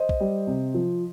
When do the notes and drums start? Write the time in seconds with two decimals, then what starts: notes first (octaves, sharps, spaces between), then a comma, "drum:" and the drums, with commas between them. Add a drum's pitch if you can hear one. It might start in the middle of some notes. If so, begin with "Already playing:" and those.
Already playing: C5 D#5
0.09 drum: kick
0.20 G3
0.47 C3
0.74 F3